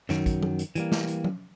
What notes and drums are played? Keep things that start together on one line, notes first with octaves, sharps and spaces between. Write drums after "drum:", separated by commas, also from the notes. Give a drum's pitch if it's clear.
F#2 D#3 F#3, drum: snare
drum: kick, hi-hat
drum: tom F#3
drum: hi-hat
E3 G3 A#3, drum: hi-hat
drum: snare
drum: hi-hat
drum: tom F#3